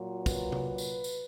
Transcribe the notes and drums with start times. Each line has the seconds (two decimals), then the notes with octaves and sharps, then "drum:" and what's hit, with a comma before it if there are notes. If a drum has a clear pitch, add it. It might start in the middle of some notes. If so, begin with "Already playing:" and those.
Already playing: A#2 F#3
0.26 B4, drum: kick, tambourine
0.52 drum: tom C3
0.78 drum: tambourine
1.04 drum: tambourine